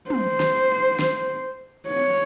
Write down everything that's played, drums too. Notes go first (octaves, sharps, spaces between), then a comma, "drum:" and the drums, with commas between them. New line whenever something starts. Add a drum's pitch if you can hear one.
C5, drum: tom
drum: snare
drum: snare
C#5